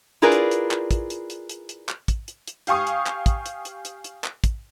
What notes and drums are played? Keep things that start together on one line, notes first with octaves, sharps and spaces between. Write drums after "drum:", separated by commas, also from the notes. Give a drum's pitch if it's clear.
E4 F4 G#4 A#4 B4 D5
drum: hi-hat
drum: hi-hat
drum: clap
drum: kick, hi-hat
drum: hi-hat
drum: hi-hat
drum: hi-hat
drum: hi-hat
drum: clap
drum: kick, hi-hat
drum: hi-hat
drum: hi-hat
G4 F5 G#5 C#6 D#6, drum: hi-hat
drum: hi-hat
drum: clap
drum: kick, hi-hat
drum: hi-hat
drum: hi-hat
drum: hi-hat
drum: hi-hat
drum: clap
drum: kick, hi-hat